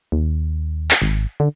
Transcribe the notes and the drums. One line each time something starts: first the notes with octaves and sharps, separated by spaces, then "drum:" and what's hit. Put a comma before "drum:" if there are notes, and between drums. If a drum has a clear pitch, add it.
D#2
drum: clap
G#1
D3